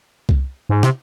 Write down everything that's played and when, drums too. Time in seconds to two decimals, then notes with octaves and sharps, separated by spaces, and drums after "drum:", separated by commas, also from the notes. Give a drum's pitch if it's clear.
0.29 drum: kick C2
0.69 G#2
0.83 C3, drum: snare